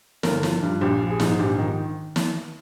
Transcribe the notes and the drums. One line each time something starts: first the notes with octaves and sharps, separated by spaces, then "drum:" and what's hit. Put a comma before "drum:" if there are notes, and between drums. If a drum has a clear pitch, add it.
G1 A#4, drum: snare
F3, drum: snare
G2
A#1 G4
F3
G#4
G#2, drum: snare
A#1 G4
D#3
drum: snare